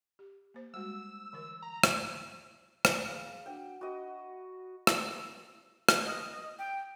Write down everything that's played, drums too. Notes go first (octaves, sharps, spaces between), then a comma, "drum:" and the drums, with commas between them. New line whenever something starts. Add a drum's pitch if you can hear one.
G4
A#3 C5
G3 G#3 F#4 E6
D3 E3 A#4
A#5
drum: rim click
drum: rim click
G#4 F5
D4 F#4 F#5 G5
F#4 D#5 E5 F#5 B5
drum: rim click
drum: rim click
D#5
G5